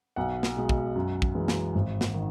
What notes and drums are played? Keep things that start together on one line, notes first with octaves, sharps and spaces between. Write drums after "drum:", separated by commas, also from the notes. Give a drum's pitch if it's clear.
B1 F#5
drum: snare
B2 G#3
drum: kick
F#2
drum: kick
E3 G#3
drum: snare
G#1
drum: snare
D#3